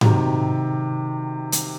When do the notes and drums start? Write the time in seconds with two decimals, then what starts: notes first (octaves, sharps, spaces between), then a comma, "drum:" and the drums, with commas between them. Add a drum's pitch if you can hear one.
0.01 C3 D#3 F#3, drum: tom G#2
1.52 drum: hi-hat